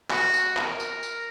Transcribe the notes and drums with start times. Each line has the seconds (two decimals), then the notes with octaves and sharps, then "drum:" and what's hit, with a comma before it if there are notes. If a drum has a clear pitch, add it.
0.11 F#4, drum: clap
0.34 drum: tambourine
0.57 A#4, drum: clap
0.80 drum: tambourine
1.03 drum: tambourine